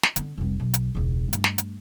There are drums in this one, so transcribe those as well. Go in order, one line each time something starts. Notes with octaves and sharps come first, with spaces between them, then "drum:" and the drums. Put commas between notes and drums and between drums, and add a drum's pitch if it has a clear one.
drum: snare
D3 B3, drum: hi-hat
F1 C2
B1
drum: hi-hat
E1 C#2
G2 A3, drum: hi-hat
drum: snare
drum: hi-hat